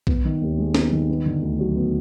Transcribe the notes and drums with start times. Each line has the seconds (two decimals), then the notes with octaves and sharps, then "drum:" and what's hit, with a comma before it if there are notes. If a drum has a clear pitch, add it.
0.07 B3, drum: kick
0.25 D#3
0.42 D#2
0.58 G#3
0.75 B3, drum: snare
0.92 D#3
1.09 B3
1.26 D3
1.42 D2
1.59 F#3
1.76 B3